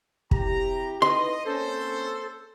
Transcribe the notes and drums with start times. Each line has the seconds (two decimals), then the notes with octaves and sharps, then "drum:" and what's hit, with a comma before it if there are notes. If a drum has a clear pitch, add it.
0.31 C3 E4 G4 A#5, drum: kick
1.02 D#4 E4 B4 D#5 C6
1.45 A#3 C4 C#4 A4 C5